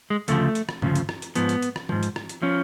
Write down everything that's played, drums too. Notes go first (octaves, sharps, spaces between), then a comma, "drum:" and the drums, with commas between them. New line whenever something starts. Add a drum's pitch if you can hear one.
G#3
D2 C#3 F3 A3, drum: hi-hat
drum: hi-hat
drum: rim click
D2 C#3 F3, drum: tom G2
drum: hi-hat
drum: rim click
drum: hi-hat
G#2 F3 B3, drum: hi-hat
drum: hi-hat
drum: hi-hat
drum: rim click
G#2 F3, drum: tom D#3
drum: hi-hat
drum: rim click
drum: hi-hat
F3 C#4